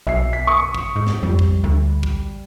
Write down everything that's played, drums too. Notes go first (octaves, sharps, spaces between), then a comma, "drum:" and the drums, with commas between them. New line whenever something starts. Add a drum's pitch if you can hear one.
B1 E5 C7
B6
C#6 D#6
drum: kick
G#2
drum: snare
F2 G3
drum: kick
D2
drum: kick